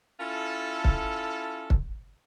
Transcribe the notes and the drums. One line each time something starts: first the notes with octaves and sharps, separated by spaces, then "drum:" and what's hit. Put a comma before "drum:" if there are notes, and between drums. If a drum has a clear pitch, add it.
C#4 E4 F4 A4
drum: kick
drum: kick